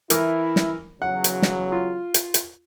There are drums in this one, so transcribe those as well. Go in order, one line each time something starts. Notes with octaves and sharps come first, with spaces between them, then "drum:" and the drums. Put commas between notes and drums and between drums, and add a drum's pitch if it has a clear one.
E3 E4 A#4, drum: hi-hat
drum: snare
E2 C#3 F#3 F#5
drum: hi-hat
drum: snare
F4
drum: hi-hat
drum: hi-hat